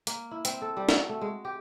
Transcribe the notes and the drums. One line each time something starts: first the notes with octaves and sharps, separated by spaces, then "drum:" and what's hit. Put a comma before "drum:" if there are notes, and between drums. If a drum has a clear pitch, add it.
A#3, drum: hi-hat
E4
C4, drum: hi-hat
A4
G3
F#4, drum: snare
A3
G#3
G4